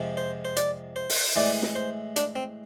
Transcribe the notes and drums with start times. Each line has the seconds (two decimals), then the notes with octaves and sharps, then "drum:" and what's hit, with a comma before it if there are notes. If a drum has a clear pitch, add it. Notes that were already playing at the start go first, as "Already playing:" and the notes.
Already playing: F2 C3 F3 G#3
0.17 C5
0.45 C5
0.57 D5, drum: hi-hat
0.96 C5
1.09 drum: open hi-hat
1.36 A2 E3 G#3 D5
1.63 drum: snare
1.75 C5
2.16 D4, drum: hi-hat
2.36 C4